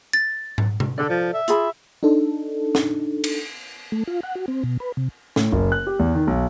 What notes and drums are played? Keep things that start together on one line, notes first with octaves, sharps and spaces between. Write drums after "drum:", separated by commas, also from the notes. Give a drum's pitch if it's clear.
A6
drum: tom
drum: tom C3
D3 A4 D5
F3
E5
F4 G#4 B5, drum: hi-hat
D4 D#4 A4
drum: snare
drum: cymbal
A3
F4
F#5
F#4
C4
B2
B4
C3
A2, drum: snare
F#1
F#6
G4
E2
D#3
B1